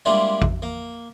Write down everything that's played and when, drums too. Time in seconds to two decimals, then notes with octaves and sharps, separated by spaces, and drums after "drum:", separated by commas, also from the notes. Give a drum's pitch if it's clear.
0.05 G3 G#3 A#3 D4 E4 F4
0.42 drum: kick
0.62 A#3